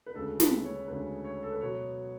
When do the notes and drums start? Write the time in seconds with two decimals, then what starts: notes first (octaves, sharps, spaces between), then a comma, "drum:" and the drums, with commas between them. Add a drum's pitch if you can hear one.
0.06 B4
0.14 D2 C#3 G#3 A4
0.40 B4, drum: snare
0.64 C#5
0.88 D2 C#3 G#3 B4
1.24 C#5
1.43 A4
1.52 B4
1.61 B2 F#3 B3 C#5